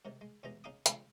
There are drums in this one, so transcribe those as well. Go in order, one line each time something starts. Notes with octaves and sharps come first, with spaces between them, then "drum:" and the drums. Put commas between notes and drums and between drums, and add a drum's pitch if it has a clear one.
G#2 C3 D#3
G#3
D#2 B2 E3 G#3 D#4 A#5
C#3 D#4 F5 G#5 D6 D#6
D3 F3 G#3 A#3 C4, drum: hi-hat